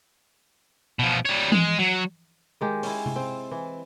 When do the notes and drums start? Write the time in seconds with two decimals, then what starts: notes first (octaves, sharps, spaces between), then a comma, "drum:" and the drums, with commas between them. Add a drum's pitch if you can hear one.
0.99 B2 F3
1.26 G3 C#5
1.52 G#3, drum: tom E3
1.79 F#3
2.61 D#3 G#3 G4
2.83 C#4 E4, drum: open hi-hat
3.06 drum: tom C3
3.16 C4
3.51 E3